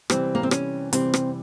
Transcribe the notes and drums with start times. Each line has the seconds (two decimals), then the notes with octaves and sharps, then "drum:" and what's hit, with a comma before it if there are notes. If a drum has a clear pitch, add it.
0.10 C3 E3 G3 C4, drum: rim click
0.35 A#3
0.43 C4
0.51 C#4, drum: rim click
0.93 C3 E3 G3 C4, drum: hi-hat
1.14 drum: rim click